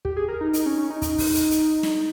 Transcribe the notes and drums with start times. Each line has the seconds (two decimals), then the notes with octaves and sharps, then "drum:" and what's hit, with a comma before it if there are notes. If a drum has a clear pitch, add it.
0.05 G4, drum: kick
0.17 G#4
0.28 A#4
0.41 D#4
0.53 D#4, drum: hi-hat
0.66 C#4
0.78 C#4
0.90 D#4
1.02 D#4, drum: kick, hi-hat
1.18 drum: kick, open hi-hat
1.34 drum: hi-hat
1.51 drum: hi-hat
1.83 drum: snare